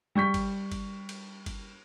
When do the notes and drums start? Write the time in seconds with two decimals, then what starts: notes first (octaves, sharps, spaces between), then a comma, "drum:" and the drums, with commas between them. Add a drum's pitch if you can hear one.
0.15 G3 C#6 G6 B6
0.34 drum: kick, cymbal
0.72 drum: kick, cymbal
1.09 drum: cymbal
1.46 drum: kick, cymbal